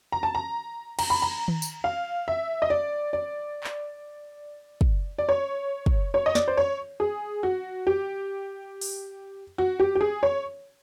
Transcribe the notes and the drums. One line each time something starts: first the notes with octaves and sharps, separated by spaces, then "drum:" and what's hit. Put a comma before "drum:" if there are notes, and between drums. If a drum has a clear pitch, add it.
A#5
A5
A#5
A#5, drum: cymbal
B5
A#5
drum: tom D#3
drum: tambourine
F5
E5
D#5
D5
D5
drum: clap
drum: kick
D5
C#5
drum: kick
C#5
D#5
D5, drum: snare
C5
C#5
G#4
F#4
G4
drum: open hi-hat
F#4
G4
G4
G#4
C#5